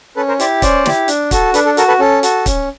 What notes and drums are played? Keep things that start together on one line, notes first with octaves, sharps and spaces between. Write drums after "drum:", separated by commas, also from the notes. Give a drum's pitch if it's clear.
C#4 A4 B4
A#4 C5
E4 G4 C5 D5, drum: hi-hat
C#4 C5 D5, drum: kick, hi-hat
E4 G4, drum: snare
D4, drum: hi-hat
F#4 A4, drum: kick, hi-hat
D4 A4 B4, drum: hi-hat
A4
F#4 A4 A#4, drum: hi-hat
A4 B4
C#4 A4
F#4 A4, drum: hi-hat
C#4, drum: kick, hi-hat